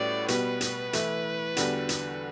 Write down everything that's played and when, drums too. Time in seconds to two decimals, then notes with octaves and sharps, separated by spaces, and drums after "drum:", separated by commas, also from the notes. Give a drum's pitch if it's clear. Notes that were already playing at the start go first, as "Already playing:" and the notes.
Already playing: A2 G3 C#4 F#4 B4 D5
0.28 B2 G3 B3 B4, drum: hi-hat
0.61 drum: hi-hat
0.93 E3 A3 E4, drum: hi-hat
1.57 E2 D3 G3 D4 F#4, drum: hi-hat
1.89 drum: hi-hat